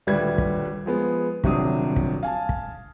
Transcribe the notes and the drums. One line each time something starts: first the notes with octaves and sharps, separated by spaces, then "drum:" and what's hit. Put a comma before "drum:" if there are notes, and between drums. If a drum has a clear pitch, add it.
D#1 D2 G3 B4 D5 G#6
drum: kick
F3 G#3 B3
D#1 C3 F#3 D4 D#6, drum: kick
drum: kick
F5 G#5 A5
drum: kick